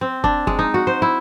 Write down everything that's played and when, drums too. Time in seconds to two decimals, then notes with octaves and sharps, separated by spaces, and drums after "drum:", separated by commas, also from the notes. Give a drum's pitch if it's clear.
0.01 C4
0.24 D4, drum: kick F1
0.47 G#3, drum: kick F1
0.59 D#4
0.74 F#4
0.87 C5
1.02 E4